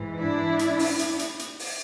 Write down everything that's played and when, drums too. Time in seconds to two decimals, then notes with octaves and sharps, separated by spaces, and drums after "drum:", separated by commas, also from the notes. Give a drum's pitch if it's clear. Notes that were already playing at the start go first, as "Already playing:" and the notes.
Already playing: G#2 E3
0.19 D4 E4
0.59 drum: hi-hat
0.79 drum: open hi-hat
0.99 drum: hi-hat
1.19 drum: hi-hat
1.39 drum: hi-hat
1.59 drum: open hi-hat